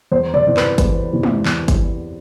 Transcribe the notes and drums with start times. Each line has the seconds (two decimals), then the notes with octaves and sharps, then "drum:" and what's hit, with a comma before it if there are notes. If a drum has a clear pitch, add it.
0.12 E2 C5
0.34 D5, drum: tom A#2
0.45 C3 E3
0.57 B4, drum: clap
0.78 E2 B4, drum: kick G#1, hi-hat
1.13 C3 E3
1.23 drum: tom G#3
1.45 E2, drum: clap
1.68 drum: kick G#1, hi-hat